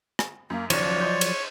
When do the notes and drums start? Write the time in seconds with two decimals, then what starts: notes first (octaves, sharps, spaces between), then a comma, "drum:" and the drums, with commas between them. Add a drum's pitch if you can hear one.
0.19 drum: rim click
0.50 F#2 A#3
0.70 F#1 D#2 C#3 F3 F#3 C#5 D5, drum: cymbal
1.01 D#5 C6 G6
1.21 drum: cymbal